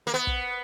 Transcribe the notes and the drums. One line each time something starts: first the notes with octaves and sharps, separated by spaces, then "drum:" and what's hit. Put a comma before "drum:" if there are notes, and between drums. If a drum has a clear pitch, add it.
A#3
B3
drum: kick